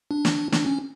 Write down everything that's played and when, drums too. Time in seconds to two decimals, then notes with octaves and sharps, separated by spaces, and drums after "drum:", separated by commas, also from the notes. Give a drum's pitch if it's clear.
0.11 D4
0.25 drum: snare
0.52 D4, drum: snare
0.66 C#4